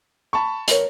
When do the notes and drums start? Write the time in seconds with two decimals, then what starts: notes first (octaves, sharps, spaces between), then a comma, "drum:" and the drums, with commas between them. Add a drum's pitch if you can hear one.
0.33 A5 B5 C#6
0.68 E2 A#4 C#5, drum: hi-hat